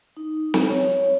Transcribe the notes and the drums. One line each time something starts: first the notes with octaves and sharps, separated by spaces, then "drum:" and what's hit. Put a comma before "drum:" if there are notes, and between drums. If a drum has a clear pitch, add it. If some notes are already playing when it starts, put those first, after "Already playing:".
D#4
drum: snare
C#5